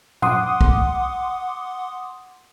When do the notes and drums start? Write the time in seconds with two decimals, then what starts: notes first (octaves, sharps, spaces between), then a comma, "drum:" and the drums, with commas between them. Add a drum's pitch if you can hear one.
0.22 F#5 C6 D6 D#6, drum: tom A#2
0.61 drum: kick B1